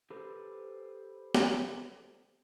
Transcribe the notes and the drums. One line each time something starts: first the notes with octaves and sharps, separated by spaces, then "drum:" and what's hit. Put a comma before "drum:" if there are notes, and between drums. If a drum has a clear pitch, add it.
G4 A4 B4 C5
drum: snare